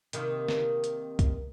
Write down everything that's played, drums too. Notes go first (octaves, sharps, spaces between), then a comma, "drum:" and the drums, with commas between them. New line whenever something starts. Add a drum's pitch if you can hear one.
C3 D#3 A#3, drum: hi-hat
drum: snare
drum: hi-hat
drum: kick C2, hi-hat